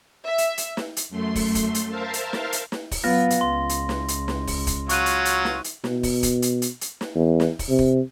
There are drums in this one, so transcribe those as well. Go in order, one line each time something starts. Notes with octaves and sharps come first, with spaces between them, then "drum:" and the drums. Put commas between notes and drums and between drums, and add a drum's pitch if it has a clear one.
E5
drum: hi-hat
drum: hi-hat
drum: snare
drum: hi-hat
F#2 A3 C6
drum: kick, open hi-hat
drum: kick, hi-hat
drum: hi-hat
A#4 C5 E5 F5 A5
drum: hi-hat
drum: snare
drum: hi-hat
drum: snare
drum: kick, open hi-hat
F#3 B3 F4 A#6
drum: hi-hat
C#2 C6
drum: hi-hat
drum: snare
drum: hi-hat
drum: snare
drum: kick, open hi-hat
drum: kick, hi-hat
F#3 F4 C#6 F#6 D#7, drum: hi-hat
drum: hi-hat
drum: hi-hat
drum: snare
drum: hi-hat
B2, drum: snare
drum: kick, open hi-hat
drum: kick, hi-hat
drum: hi-hat
drum: hi-hat
drum: hi-hat
drum: snare
E2
drum: snare
drum: kick, open hi-hat
C3
drum: kick